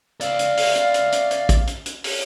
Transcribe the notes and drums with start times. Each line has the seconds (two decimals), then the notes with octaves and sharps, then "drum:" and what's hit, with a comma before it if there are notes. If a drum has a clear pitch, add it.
0.21 D5 E5 F5, drum: hi-hat
0.39 drum: hi-hat
0.57 drum: open hi-hat
0.76 drum: hi-hat
0.94 drum: hi-hat
1.12 drum: hi-hat
1.31 drum: hi-hat
1.49 drum: kick A1, hi-hat
1.67 drum: hi-hat
1.86 drum: hi-hat
2.04 drum: open hi-hat